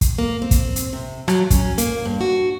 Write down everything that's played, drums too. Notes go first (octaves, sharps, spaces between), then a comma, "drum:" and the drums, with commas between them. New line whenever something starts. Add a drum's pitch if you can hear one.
drum: kick, hi-hat
A#3
C4
drum: kick, hi-hat
drum: hi-hat
C3
F#3, drum: rim click
C#4, drum: kick, hi-hat
A#3, drum: hi-hat
G2
F#4